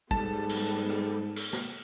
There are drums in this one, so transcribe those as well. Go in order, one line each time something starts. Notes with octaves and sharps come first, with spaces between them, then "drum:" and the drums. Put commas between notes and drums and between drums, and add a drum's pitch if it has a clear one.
G#2 G3 B3 G#4 A4 A5, drum: kick
drum: cymbal
drum: rim click
drum: cymbal
drum: snare